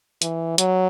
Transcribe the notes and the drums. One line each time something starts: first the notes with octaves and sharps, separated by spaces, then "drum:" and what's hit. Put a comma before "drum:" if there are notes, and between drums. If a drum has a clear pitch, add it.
E3, drum: hi-hat
F#3, drum: hi-hat